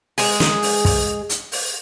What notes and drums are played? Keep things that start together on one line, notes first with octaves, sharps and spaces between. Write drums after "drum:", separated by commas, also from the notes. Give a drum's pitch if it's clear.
G#3 G#4, drum: open hi-hat
drum: snare
drum: open hi-hat
drum: kick, open hi-hat
drum: hi-hat
drum: open hi-hat